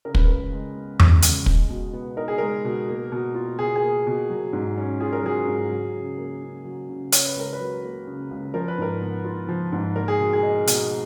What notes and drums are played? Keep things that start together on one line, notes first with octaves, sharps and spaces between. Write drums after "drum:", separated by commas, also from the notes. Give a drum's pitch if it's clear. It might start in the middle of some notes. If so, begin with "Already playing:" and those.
C#3 A#4
B4, drum: kick
C#2 A#4
G#3
B3
C#3, drum: tom E2
C#2, drum: hi-hat
G#3, drum: kick
B2
B3
D#4 A#4
G#4
G#3 A#4
B2
A#3
B2
F4
B2 G#4
G#4
A#3
B2
F#3
G#2
C#4
F4 G#4
A#4
F#3 G#4
G#2
F#3
C#3
A#3
C#3
F#3
C#3
C#3 C#5, drum: hi-hat
B4
C#2 A#4
B4
F#3
A#3
C#3
C#2
F3 A#4
B4
G#2 A#4
B3
F4
F3
G#2
A#3 A#4
G#4
B2
G#4
D#4
B2, drum: hi-hat